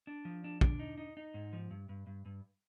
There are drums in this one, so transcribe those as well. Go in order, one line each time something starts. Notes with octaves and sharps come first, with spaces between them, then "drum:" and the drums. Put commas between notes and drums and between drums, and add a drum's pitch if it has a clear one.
D4
F3
D4
D4, drum: kick
D#4
D#4
D#4
G#2
F3
G2
G2
G2
G2